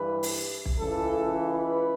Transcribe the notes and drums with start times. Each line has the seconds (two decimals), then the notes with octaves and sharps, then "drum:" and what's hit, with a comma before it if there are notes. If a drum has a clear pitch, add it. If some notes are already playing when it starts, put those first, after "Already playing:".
Already playing: G2 E3 B4
0.23 drum: open hi-hat
0.65 drum: kick
0.77 C#2 C#3 E3 A4
1.51 B4